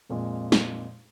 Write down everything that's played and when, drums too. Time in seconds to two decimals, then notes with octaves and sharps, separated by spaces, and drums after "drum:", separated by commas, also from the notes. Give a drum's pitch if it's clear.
0.09 F2 A#2 G#3
0.52 drum: snare